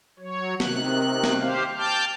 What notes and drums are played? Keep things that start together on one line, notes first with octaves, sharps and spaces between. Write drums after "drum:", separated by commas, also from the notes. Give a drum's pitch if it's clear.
F#3 C#5
C3 D#3 F#6, drum: snare B3
drum: snare B3
G4 C5 F5
G5 A5 D6 F6 G6